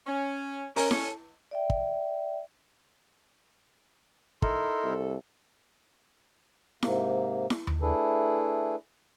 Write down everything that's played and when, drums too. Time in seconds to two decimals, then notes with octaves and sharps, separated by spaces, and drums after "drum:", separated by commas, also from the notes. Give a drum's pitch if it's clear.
0.07 C#4
0.76 C#4 A#4, drum: open hi-hat
0.91 A4, drum: snare E4
1.51 D5 E5 G5
1.70 drum: kick
4.42 D#4 E4 A4 A#4 C6, drum: kick
4.84 C2
6.83 G#2 C3 A#3, drum: snare E4
7.50 drum: snare E4
7.67 drum: tom D#2
7.82 A3 D4 E4 G#4 A4 B4